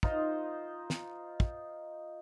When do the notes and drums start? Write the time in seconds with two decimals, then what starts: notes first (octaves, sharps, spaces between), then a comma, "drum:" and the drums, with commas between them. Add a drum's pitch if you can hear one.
0.03 D#4 F4 C5 D#5, drum: kick
0.90 drum: snare
1.40 drum: kick